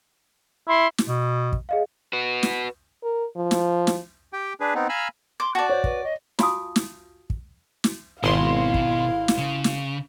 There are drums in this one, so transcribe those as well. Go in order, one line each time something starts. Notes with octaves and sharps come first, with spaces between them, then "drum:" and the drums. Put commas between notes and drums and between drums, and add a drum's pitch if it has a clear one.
E4 C6
drum: snare
B2
drum: kick
G#4 D#5 F5
F#4 B4
drum: snare
A#4
F3
drum: snare
drum: snare
G4 G5
D4 G#4 B4
B3 C4 D#4
F5 G#5 A#5 B5 E6 F6
C6 D6
F#4 D5 A5
C5 C#5
B4, drum: kick
D#5
F4 F#4 F5 G#5 A5 D#6, drum: snare
drum: snare
drum: kick
drum: snare
G#1 B2 E4 F5 C6
drum: kick
drum: snare
C#3
drum: snare